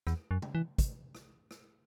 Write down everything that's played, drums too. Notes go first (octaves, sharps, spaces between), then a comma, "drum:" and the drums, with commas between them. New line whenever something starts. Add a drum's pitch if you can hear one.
E2, drum: rim click
F#2
drum: tom C3
E3
drum: kick, hi-hat
drum: rim click
drum: rim click